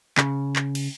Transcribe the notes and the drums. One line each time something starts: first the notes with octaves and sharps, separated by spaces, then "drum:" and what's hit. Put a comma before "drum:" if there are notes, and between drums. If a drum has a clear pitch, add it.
C#3, drum: clap
drum: clap
drum: cymbal